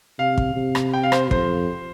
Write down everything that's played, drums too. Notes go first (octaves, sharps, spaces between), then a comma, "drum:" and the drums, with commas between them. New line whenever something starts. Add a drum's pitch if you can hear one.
C3 F5
drum: kick
C3
drum: rim click
G5
F5
C5, drum: rim click
F2 C5, drum: kick